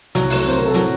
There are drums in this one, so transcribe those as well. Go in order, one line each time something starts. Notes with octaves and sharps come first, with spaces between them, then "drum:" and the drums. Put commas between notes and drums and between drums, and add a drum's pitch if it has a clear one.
C2 F#3 F#4, drum: hi-hat
A3, drum: open hi-hat
C#5
C3 C5
C3 A#4
A4
A2 F#3 F#4, drum: hi-hat